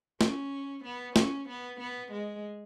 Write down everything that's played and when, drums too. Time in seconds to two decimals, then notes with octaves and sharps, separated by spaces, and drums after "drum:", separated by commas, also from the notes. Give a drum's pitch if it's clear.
0.21 C#4, drum: snare
0.84 B3
1.16 C#4, drum: snare
1.49 B3
1.80 B3
2.12 G#3